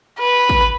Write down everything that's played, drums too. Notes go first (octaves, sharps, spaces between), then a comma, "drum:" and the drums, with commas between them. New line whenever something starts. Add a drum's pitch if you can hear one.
B4
drum: kick